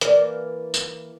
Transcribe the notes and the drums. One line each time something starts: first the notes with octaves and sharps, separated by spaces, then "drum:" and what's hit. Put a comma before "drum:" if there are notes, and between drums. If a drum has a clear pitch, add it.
E3 A#3 D5, drum: hi-hat
drum: tambourine